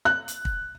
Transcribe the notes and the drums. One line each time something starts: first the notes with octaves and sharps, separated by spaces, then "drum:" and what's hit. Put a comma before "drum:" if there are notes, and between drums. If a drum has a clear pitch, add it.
F#6
drum: hi-hat
drum: kick